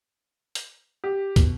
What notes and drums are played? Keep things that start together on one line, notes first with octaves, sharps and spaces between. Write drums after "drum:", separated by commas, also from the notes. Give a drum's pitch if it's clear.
drum: hi-hat
G4
B2, drum: kick, hi-hat